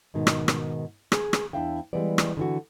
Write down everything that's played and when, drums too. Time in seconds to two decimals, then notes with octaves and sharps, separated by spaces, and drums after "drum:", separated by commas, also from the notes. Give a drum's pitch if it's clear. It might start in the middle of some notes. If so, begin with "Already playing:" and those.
0.14 G#2 B2 D#3
0.27 drum: rim click
0.48 drum: rim click
1.12 G#4, drum: rim click
1.33 drum: rim click
1.53 E2 D4 E4 E5 F5 G5
1.93 E3 G3 G#3 B3 D5
2.18 drum: rim click
2.37 D3 E3 F#4